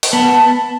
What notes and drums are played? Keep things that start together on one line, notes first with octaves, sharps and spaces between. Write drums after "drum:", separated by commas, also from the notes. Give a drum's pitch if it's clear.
drum: open hi-hat
B3 A5